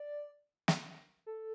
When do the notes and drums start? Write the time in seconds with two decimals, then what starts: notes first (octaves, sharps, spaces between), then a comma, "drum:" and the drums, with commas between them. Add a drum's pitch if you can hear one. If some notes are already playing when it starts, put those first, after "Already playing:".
Already playing: D5
0.68 drum: snare
1.26 A4